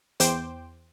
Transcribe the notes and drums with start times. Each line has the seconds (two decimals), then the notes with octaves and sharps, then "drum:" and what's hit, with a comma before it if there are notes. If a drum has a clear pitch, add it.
0.20 E2 C5 G5 D6 G6, drum: hi-hat